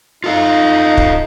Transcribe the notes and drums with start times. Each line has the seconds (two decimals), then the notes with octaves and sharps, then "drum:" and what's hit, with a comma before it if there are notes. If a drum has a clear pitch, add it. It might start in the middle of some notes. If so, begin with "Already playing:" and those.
0.24 D#4 F4 A4 F5
0.97 drum: kick